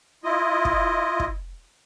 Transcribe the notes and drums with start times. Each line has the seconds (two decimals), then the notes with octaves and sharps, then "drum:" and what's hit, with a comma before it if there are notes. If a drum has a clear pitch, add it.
0.24 E4 F4 D#5
0.65 drum: kick
1.20 drum: kick